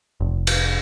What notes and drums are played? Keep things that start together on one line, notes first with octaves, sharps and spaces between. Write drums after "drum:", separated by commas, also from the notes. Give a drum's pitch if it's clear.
F1
drum: cymbal